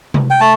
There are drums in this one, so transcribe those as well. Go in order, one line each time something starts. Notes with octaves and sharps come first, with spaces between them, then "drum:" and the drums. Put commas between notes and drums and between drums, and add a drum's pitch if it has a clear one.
drum: tom C3
G5
A3 A5